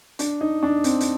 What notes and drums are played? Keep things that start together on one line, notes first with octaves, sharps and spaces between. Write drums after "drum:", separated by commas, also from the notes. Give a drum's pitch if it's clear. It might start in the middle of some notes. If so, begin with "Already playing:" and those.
D4, drum: hi-hat
D#4
D4
C4, drum: hi-hat
drum: hi-hat